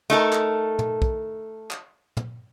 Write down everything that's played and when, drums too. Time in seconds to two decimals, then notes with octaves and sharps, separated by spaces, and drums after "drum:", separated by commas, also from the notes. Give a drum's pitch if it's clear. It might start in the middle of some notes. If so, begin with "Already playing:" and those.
0.10 A3 D#4 A4 A#4
0.33 drum: clap
0.79 drum: tom
1.02 drum: kick
1.71 drum: clap
2.17 drum: tom